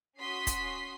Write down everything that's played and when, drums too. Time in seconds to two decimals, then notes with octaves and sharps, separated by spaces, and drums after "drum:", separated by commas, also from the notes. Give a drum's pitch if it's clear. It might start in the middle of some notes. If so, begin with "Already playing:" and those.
0.21 C#4 F#4 C6 D#6 B6 C7
0.47 drum: kick, hi-hat